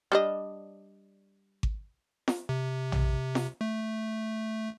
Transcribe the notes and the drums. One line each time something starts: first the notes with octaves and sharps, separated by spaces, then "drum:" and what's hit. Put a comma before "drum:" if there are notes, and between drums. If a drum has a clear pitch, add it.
G3 D4 D#5
drum: kick G#1
drum: snare
C3
drum: tom
drum: snare
A3